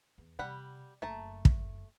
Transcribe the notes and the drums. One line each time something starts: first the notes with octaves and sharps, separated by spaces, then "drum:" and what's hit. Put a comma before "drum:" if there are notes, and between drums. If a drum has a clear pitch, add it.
E2
C3 G3 F#5 B5
F#1 F#2 A3 A5 A#5
drum: kick